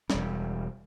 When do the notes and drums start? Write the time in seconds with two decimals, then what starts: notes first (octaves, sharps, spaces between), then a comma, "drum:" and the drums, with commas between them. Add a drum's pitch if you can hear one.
0.10 E1 G3, drum: snare